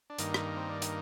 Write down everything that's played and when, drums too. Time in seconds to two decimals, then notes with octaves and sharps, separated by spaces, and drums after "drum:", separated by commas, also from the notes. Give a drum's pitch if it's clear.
0.10 D4
0.18 G2 D#3 A#3 D#4, drum: hi-hat
0.34 drum: rim click
0.57 C4
0.69 D4
0.82 D#4, drum: hi-hat